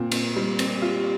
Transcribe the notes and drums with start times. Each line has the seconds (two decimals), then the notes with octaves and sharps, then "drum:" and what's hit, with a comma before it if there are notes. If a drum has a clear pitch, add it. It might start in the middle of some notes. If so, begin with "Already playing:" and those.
Already playing: A#2 C4
0.12 C4, drum: cymbal
0.36 G3
0.59 C4, drum: cymbal
0.82 F4